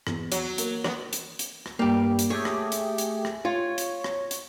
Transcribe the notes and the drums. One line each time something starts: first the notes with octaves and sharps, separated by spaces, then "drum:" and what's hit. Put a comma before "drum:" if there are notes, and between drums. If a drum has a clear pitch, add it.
E2, drum: rim click
F#3, drum: hi-hat
A#3, drum: hi-hat
F#3 B3, drum: rim click
drum: hi-hat
drum: hi-hat
drum: rim click
G2 G3 A#3 G4
drum: hi-hat
A3 G4 G#4 C#5
drum: rim click
drum: hi-hat
drum: hi-hat
drum: rim click
F4 C#5
drum: hi-hat
drum: rim click
drum: hi-hat